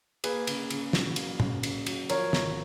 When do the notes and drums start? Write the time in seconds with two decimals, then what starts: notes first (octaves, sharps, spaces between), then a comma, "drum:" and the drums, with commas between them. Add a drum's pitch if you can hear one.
0.24 A#3 G#4 B4, drum: cymbal
0.47 C#3, drum: cymbal
0.70 C#3, drum: cymbal
0.93 F#3, drum: snare
1.16 A#3, drum: cymbal
1.40 C#3, drum: tom
1.63 C#3, drum: cymbal
1.86 F#3, drum: cymbal
2.09 F3 A#4 C#5, drum: cymbal
2.33 G#1, drum: snare